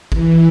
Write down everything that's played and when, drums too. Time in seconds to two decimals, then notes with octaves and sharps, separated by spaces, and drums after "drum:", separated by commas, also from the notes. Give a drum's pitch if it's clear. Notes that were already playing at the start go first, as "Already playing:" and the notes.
0.12 E3, drum: kick